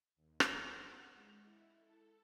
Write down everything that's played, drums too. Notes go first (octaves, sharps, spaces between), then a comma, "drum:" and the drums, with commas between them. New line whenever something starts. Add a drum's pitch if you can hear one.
D#2
drum: rim click
F#5
G#3
E4
A4